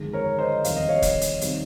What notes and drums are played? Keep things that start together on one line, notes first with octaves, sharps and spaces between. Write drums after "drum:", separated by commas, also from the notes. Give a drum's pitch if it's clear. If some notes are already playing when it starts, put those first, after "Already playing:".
Already playing: G1 F2 D#3 G#3
A#4 C#5
C5 D#5
F1 D#2 D#3 G3 F5, drum: hi-hat
D#5
C#5 F5
drum: kick, hi-hat
drum: hi-hat
C3 D#3 G3, drum: hi-hat